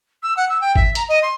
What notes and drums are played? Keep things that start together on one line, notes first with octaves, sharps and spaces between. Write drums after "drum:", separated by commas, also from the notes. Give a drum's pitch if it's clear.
E6
F#5
E6
G5
E5, drum: kick G1
A#5, drum: hi-hat
D#5
C6